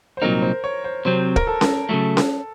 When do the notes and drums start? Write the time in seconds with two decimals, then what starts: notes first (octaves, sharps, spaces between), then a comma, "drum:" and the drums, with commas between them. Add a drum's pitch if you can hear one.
0.17 C5
0.22 C2 A#2 F#3 C4 D#4 A#4
0.42 C5
0.64 C#5
0.84 C5
1.05 C3 F#3 C4 C5
1.36 A#4, drum: kick
1.47 A4
1.61 drum: snare C#4
1.89 C#3 F#3 A3 A4
2.17 drum: snare C#4